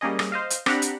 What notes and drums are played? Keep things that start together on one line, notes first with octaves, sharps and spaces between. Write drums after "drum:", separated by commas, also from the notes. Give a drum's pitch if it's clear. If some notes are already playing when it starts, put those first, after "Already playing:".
G3 A#3 C#4 G#4 D#5
drum: rim click
C5 D#5 F5
drum: hi-hat
C4 D4 G4 F#5 A#5 B5, drum: rim click
drum: hi-hat